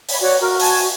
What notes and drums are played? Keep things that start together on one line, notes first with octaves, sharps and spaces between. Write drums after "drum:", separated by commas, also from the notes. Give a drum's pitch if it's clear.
C#5 B5, drum: open hi-hat
F#4 C#5 D5
F#4 A#4 F6
G#5 A5 G#6, drum: open hi-hat